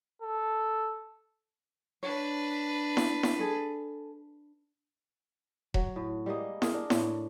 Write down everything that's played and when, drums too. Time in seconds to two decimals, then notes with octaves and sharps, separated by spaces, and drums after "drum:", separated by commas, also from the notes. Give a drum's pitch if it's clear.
0.22 A4
2.03 D4 B4 C#5
2.97 drum: snare E4
3.23 drum: snare E4
3.39 G#4 A4
5.74 F#3, drum: kick E1
5.96 A2
6.26 G3 G#3 A#3 D#5
6.62 G#4 A#4, drum: snare E4
6.74 D4
6.90 A2, drum: snare E4